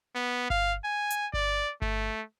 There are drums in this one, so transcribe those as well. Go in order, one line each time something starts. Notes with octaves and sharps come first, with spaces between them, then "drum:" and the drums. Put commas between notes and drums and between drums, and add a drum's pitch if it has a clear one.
B3
F5, drum: kick G1
G#5
drum: hi-hat
D5, drum: kick G1
A3, drum: kick G1